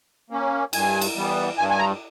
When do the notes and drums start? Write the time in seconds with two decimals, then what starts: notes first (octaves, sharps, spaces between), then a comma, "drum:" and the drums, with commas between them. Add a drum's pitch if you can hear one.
0.30 A#3 C#4
0.73 G2 G#5, drum: cymbal
1.01 drum: cymbal
1.16 E3 G3 B3
1.58 G2 G#5
1.70 G#5
1.79 A#5